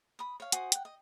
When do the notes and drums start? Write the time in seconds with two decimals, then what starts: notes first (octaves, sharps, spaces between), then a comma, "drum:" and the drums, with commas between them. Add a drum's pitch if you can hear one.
0.19 B5 D#6
0.40 C#5 F5
0.52 F#4 C5 G#5 D#6, drum: hi-hat
0.72 F#5 G5, drum: hi-hat
0.85 D#5